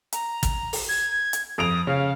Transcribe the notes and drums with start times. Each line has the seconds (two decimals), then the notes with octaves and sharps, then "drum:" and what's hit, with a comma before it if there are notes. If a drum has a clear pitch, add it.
0.13 A#5, drum: hi-hat
0.43 drum: kick, hi-hat
0.73 drum: open hi-hat
0.89 G#6
1.33 drum: hi-hat
1.58 F2 D#6 D7 F7
1.87 C#3 F5